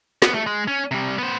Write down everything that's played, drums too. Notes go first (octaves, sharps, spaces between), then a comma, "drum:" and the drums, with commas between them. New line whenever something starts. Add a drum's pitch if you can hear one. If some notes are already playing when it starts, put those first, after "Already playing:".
B3, drum: snare
A3
G#3
C#4
C3 G3
B3 C5